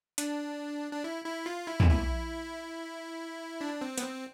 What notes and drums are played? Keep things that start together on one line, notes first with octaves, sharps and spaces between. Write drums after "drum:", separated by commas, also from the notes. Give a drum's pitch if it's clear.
D4, drum: hi-hat
D4
E4
E4
F4
E4
drum: tom
E4
D4
C4
B3, drum: hi-hat
C4